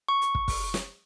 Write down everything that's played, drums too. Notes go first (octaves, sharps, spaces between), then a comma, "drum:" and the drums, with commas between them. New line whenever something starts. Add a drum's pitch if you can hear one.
C#6
drum: hi-hat
drum: kick
drum: kick, open hi-hat
drum: snare